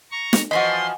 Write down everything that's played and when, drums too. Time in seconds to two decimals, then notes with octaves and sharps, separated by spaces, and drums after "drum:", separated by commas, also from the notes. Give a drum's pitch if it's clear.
0.12 A#5 C#6
0.33 drum: snare
0.51 E3 F3 F#4 D#5 G#5 B5 C6